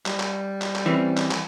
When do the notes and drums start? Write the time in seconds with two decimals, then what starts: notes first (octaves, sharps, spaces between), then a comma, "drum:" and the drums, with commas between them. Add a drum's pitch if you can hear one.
0.06 G3, drum: clap
0.20 drum: clap
0.62 drum: clap
0.76 drum: clap
0.86 E3 C4 C#4
1.17 drum: clap
1.31 drum: clap